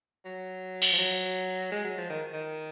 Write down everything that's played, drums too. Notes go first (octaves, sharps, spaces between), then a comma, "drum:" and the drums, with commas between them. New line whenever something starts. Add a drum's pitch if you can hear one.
F#3
drum: cymbal
F3
F#3
G#3
F#3
F3
D#3
D#3